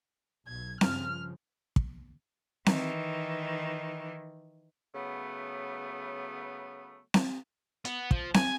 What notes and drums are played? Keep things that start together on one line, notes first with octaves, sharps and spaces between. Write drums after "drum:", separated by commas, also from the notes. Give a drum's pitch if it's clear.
B1 G#6
G2 C#3 F3 F6, drum: snare C4
drum: kick
D#3 E3, drum: snare C4
C#3 F#3 A3 B3
drum: snare C4
B3, drum: hi-hat
F3, drum: kick
G#5, drum: snare C4